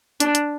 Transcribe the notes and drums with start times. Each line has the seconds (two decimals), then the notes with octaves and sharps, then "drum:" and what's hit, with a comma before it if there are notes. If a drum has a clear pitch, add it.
0.20 D4, drum: hi-hat
0.35 drum: hi-hat